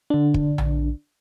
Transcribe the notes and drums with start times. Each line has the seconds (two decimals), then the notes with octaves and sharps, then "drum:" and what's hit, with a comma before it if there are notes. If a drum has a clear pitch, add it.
0.10 D3 D4
0.34 drum: kick
0.58 drum: tom A#1